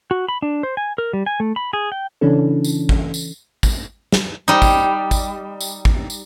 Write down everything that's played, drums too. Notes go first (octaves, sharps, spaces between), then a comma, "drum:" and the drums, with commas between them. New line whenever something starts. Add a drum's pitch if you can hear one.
F#4
B5
D4
C5
G#5
A#4
G3
G#5
A3
B5
G#4
G5
C#3 E3 C#4 D4 A4
drum: tambourine
drum: kick
drum: tambourine
drum: kick, tambourine
drum: snare
G3 D#4
drum: kick, tambourine
drum: kick, tambourine
drum: tambourine
drum: kick
drum: tambourine